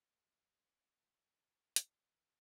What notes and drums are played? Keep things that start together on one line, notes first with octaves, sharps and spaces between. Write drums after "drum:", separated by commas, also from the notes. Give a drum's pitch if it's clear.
C#3 E3 G#3 B3 D#4
A#2 F3 A3 C5
A#2 F3 A3
A#2 F3 C#5
A#2 F3 A3, drum: hi-hat
B2 F#3 B3 D4 D5